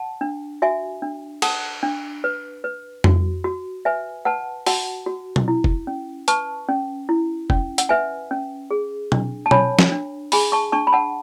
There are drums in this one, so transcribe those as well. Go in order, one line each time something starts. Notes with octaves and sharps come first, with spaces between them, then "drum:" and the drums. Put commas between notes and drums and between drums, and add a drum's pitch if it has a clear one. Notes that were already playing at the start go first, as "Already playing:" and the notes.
Already playing: F#5 A5
D4
F#4 E5 G#5
D4
A4 F#5 A5, drum: cymbal
D4
B4
B4
F#4, drum: tom F2
F#4
B4 E5 G#5
B4 F#5 A5
F#4 F#5 A5, drum: open hi-hat
F#4
drum: tom
E4
drum: kick
C#4
B4 A5 C#6, drum: hi-hat
C#4
E4
C#4, drum: kick
F#5, drum: hi-hat
B4 E5 G#5
C#4
G#4
D4, drum: tom
A5
C#5 G#5 B5, drum: tom
drum: snare
D4
G#4 G#5 B5, drum: open hi-hat
A5 C#6
D4 A5 C#6
B5
F#5 A5